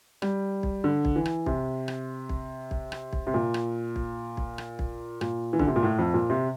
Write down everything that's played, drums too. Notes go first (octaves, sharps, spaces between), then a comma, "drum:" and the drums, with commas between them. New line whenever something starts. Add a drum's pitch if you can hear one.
G3, drum: rim click
drum: kick
D3
drum: kick
E3
drum: rim click
C3, drum: kick
drum: rim click
drum: kick
drum: kick
drum: rim click
drum: kick
C3
A#2
drum: rim click
drum: kick
drum: kick
drum: rim click
drum: kick
A#2, drum: rim click
E3
D3, drum: kick
C3
A#2
A2
F2
A#2
C3